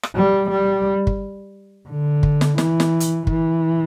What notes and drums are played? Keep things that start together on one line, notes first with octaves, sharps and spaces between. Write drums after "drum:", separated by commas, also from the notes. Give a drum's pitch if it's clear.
drum: rim click
G3
G3
drum: kick
D3
drum: kick
drum: snare
E3, drum: snare
drum: snare
drum: hi-hat
E3, drum: kick